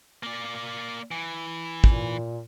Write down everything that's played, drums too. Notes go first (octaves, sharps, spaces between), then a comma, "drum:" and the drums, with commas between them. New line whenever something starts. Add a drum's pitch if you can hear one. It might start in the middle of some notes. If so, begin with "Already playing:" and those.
A#3 D5
E3
A#2, drum: kick